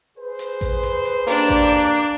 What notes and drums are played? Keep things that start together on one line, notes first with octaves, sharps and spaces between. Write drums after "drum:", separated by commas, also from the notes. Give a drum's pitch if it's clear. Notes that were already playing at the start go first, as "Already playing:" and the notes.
G#4 B4 C5
drum: hi-hat
drum: kick A1, hi-hat
drum: hi-hat
drum: hi-hat
A#3 D4 G4 D5, drum: open hi-hat
drum: kick A1, hi-hat
drum: hi-hat